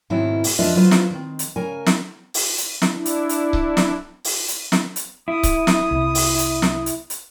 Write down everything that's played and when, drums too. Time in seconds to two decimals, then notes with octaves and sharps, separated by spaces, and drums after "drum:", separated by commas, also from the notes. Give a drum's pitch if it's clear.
0.10 G#2 B2 D#3 C4 C#4 E4
0.44 drum: open hi-hat
0.59 F2 D4 F4 B4 D#5 E5
0.75 F#3 F4 B4 C5
0.91 drum: snare
1.10 D#3 C4
1.39 drum: hi-hat
1.56 C#3 A#4 G#5
1.87 drum: snare
2.34 drum: open hi-hat
2.58 drum: hi-hat
2.82 drum: snare
2.93 D4 E4
3.06 drum: hi-hat
3.29 drum: hi-hat
3.53 drum: kick C#1
3.77 drum: snare
4.24 drum: open hi-hat
4.48 drum: hi-hat
4.72 drum: snare
4.96 drum: hi-hat
5.28 E4 D#6
5.43 drum: kick C#1, hi-hat
5.67 drum: snare
5.91 C2
6.15 drum: open hi-hat
6.39 drum: hi-hat
6.62 drum: snare
6.86 drum: hi-hat
7.10 drum: hi-hat